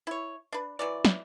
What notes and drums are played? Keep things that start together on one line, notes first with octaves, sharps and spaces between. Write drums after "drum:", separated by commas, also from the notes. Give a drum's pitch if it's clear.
E4 C#5
D4 B4
E3 F#3 D5
drum: snare